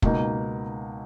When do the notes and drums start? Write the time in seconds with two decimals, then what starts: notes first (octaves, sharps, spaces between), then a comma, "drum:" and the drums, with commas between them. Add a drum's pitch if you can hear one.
0.02 C#2 B2 A#3 D#4, drum: kick